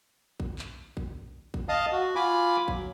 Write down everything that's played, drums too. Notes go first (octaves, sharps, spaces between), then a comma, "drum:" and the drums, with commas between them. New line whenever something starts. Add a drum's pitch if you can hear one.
drum: kick
drum: clap
drum: kick
drum: kick
D#5 F5 A5 D#6
F#4
F4 G#5 B5 D6
F#3, drum: kick